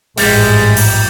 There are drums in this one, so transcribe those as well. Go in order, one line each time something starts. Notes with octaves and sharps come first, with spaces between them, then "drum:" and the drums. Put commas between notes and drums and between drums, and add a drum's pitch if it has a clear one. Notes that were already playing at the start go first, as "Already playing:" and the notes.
A1 F2 G#2 G3 G#3, drum: open hi-hat
drum: open hi-hat